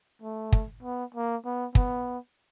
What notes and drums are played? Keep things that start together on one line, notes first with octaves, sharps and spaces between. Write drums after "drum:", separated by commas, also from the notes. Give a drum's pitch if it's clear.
A3
drum: kick
B3
A#3
B3
B3, drum: kick